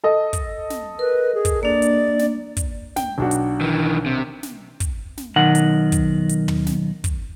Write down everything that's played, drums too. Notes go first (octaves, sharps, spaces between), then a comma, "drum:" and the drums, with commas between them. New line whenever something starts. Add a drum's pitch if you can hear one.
A4 D#5
drum: kick, hi-hat
drum: snare
A#4 B4
G#4
drum: kick, hi-hat
A#3 D4 D5
drum: hi-hat
drum: snare
drum: kick, hi-hat
G5, drum: snare
B1 D4 F#4
drum: hi-hat
D#3 E3
C3
drum: snare
drum: kick, hi-hat
drum: snare
B1 D#3 F#5
drum: hi-hat
drum: kick, hi-hat
drum: hi-hat
drum: tom
drum: snare
drum: kick, hi-hat